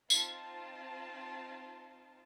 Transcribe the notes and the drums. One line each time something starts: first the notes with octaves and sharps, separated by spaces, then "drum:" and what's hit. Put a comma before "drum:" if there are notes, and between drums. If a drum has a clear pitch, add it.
C4 D#4 F4 A5, drum: tambourine